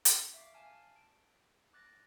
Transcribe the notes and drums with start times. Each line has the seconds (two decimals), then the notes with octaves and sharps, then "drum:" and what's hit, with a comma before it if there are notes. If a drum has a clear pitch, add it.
0.05 C#6, drum: hi-hat
0.34 E5 F5 D6
0.54 F5 G#5 A5 F6
0.73 A5
0.96 D7
1.73 D6 F#6 A6 A#6